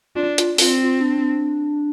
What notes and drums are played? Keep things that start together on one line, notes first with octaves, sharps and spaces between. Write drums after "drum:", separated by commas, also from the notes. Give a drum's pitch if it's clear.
D4 F4
F4, drum: hi-hat
C4 F4, drum: open hi-hat
F4
D4